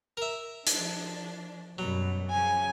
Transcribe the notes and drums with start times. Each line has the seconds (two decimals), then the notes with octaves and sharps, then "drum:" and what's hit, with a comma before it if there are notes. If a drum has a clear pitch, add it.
0.17 A#4 E5
0.66 F3 D4, drum: hi-hat
1.78 F#2 B2 F#3 G3
2.30 C#3 F3 G#5